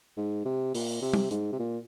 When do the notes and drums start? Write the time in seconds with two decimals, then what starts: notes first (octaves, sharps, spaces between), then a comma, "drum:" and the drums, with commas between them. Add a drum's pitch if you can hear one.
0.17 G#2
0.45 C3
0.75 A#2, drum: open hi-hat
1.02 C3
1.14 drum: tom G3
1.31 G#2, drum: hi-hat
1.53 C3
1.59 A#2